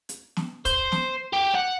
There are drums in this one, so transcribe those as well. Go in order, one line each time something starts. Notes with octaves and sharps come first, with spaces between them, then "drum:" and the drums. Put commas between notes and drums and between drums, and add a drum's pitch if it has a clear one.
drum: hi-hat
drum: snare
C5, drum: kick, hi-hat
drum: snare
G4
F#5